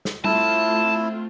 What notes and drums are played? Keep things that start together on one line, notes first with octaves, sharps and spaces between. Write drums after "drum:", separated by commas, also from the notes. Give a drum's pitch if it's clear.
drum: snare
A3 C4 E4 F4 A5, drum: tom G3